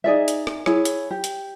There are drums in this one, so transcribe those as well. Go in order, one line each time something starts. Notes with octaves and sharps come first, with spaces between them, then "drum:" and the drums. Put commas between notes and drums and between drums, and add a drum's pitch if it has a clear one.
D#4 G#4 D5 E5
drum: hi-hat
drum: rim click
E4 G#4 C#5, drum: rim click
drum: hi-hat
G4
drum: hi-hat